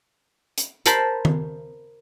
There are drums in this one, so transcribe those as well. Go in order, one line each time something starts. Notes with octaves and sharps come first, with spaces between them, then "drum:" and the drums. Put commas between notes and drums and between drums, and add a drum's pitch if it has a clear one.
drum: hi-hat
A#4 C5 A5 B5 C6, drum: hi-hat
drum: tom D#3